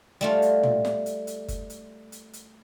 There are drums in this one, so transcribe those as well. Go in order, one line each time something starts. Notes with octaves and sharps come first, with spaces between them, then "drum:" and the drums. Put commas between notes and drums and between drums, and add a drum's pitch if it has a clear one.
G3 A3 F4
drum: hi-hat
drum: tom
drum: snare
drum: hi-hat
drum: hi-hat
drum: kick F#1, hi-hat
drum: hi-hat
drum: hi-hat
drum: hi-hat